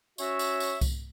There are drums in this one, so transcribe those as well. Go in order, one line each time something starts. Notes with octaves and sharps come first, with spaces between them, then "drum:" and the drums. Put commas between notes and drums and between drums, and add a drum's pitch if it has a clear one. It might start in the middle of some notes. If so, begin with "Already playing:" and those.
C#4 F#4 C#5 E5, drum: tambourine
drum: tambourine
drum: tambourine
drum: kick C2, tambourine